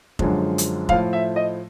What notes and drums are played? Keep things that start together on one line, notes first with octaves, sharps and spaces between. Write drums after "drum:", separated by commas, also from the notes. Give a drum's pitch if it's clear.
F#2 D3 F3 G#3, drum: kick F1
drum: hi-hat
A2 F3 A3 F5, drum: kick F1
E5
D#5